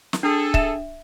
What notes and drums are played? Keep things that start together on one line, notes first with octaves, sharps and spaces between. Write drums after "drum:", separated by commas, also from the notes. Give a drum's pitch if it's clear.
drum: snare
D4 G#4 A4
E5 E7, drum: kick C#1